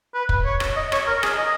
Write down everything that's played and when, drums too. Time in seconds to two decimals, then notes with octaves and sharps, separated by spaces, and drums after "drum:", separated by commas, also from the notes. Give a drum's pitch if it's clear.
0.14 B4
0.29 drum: kick
0.45 C#5
0.60 drum: rim click
0.76 D#5
0.92 C#5, drum: rim click
1.07 A#4
1.23 G#4, drum: rim click
1.38 D#5